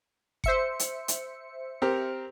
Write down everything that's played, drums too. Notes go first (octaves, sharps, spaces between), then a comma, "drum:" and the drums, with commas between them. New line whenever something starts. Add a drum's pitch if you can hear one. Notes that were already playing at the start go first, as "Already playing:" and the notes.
C5 E5 C#7, drum: kick F#1
drum: hi-hat
drum: hi-hat
C4 G4 A#4